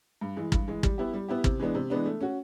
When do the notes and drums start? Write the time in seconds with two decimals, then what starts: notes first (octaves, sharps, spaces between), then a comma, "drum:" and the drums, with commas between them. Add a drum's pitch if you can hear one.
0.21 G2
0.36 E3 G#3
0.52 G2, drum: kick
0.68 E3 G#3
0.83 G3, drum: kick
0.98 B3 E4 G4
1.13 G3
1.28 B3 E4 G4
1.44 C3, drum: kick
1.60 E3 G#3 B3 D4
1.75 C3
1.90 E3 G#3 B3 D4
2.06 A3
2.21 C#4 F#4